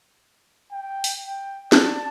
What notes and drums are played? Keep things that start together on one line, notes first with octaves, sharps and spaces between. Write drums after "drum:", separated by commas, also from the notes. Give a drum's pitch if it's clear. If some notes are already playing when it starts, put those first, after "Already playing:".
G5
drum: open hi-hat
G5
D5 A5, drum: snare